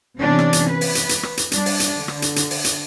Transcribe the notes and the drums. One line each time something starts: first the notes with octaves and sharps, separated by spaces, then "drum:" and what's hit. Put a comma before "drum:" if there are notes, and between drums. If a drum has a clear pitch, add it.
C3 E3 B3 C#4 D4
drum: rim click
drum: hi-hat
B4
drum: open hi-hat
drum: hi-hat
drum: hi-hat
drum: rim click
drum: hi-hat
G3 D4, drum: hi-hat
drum: open hi-hat
drum: hi-hat
D3
drum: rim click
drum: hi-hat
drum: hi-hat
drum: open hi-hat
drum: hi-hat